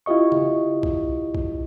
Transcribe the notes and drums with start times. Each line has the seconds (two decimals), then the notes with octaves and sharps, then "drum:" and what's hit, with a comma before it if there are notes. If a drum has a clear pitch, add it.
0.06 E4 F4 G4 D#5 C#6
0.32 drum: tom C#3
0.83 drum: kick
1.35 drum: kick